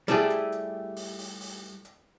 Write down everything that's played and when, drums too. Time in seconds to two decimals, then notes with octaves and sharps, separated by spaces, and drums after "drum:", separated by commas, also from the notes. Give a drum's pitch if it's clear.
0.08 G3 A3 E4 G4 G#4
0.30 drum: hi-hat
0.52 drum: hi-hat
0.96 drum: open hi-hat
1.19 drum: open hi-hat
1.41 drum: open hi-hat
1.85 drum: hi-hat